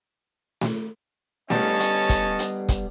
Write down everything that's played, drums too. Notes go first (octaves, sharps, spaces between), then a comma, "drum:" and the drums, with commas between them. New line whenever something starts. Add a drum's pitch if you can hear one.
drum: snare A3
G3 B3 C#4 G4 C#5 D#5 A5, drum: snare A3
drum: hi-hat
drum: kick, hi-hat
drum: hi-hat
drum: kick, hi-hat